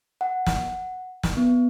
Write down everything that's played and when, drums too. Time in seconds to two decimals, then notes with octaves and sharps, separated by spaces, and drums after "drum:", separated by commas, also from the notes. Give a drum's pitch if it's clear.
0.21 F#5
0.46 drum: snare
1.23 drum: snare
1.37 B3